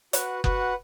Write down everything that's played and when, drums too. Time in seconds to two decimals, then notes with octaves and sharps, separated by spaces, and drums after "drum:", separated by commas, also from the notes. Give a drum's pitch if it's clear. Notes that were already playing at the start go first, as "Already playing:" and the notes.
0.13 F#4 B4 F#5, drum: hi-hat
0.44 F#4 B4 F#5, drum: kick F#1